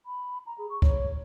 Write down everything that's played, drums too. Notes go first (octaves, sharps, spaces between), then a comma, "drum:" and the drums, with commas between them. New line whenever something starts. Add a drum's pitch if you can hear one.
B5
A#5
G#4
C#6
C#5, drum: kick